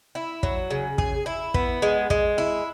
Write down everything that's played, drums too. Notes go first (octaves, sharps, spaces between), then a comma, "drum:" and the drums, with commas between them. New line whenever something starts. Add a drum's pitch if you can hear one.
E4
F#3, drum: kick
C#3
G#4, drum: kick
E4
B3, drum: kick
G#3
G#3, drum: kick
E4